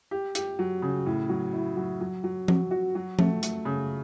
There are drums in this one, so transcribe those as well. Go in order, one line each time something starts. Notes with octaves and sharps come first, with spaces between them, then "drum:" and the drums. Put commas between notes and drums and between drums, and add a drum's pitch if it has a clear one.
G4
G4, drum: hi-hat
F#3
C#3
A2
F#3
E4
F#3
F#3
F#3
F#3, drum: tom F3
F#4
F#3
A3, drum: tom F3
A3, drum: hi-hat
C#3